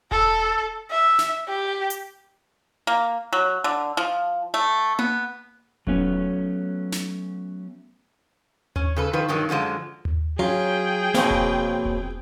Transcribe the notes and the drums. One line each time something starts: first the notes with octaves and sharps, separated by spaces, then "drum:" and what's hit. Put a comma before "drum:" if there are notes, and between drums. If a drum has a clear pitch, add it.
A4, drum: kick E1
E5
drum: snare
G4
drum: hi-hat
A#3
F#3
D3
F3
A3
B3, drum: tom A#3
F#3 A3 B3 C#4, drum: kick E1
drum: snare
C#4, drum: tom D#2
C#3 A4 B4
D#3 F3 B4
G2 B2 D#3 F#3
F#2 D3 F3 G#3 A5
drum: tom D#2
F#3 C#4 F4 G#4 G5
F2 B2 A#3 C4 C5 C#5, drum: snare
drum: kick E1
drum: kick E1